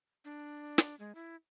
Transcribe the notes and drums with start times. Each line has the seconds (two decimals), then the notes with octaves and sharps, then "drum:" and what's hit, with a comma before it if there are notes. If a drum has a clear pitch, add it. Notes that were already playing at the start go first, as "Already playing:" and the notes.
0.25 D4
0.78 drum: snare
0.99 G#3
1.15 E4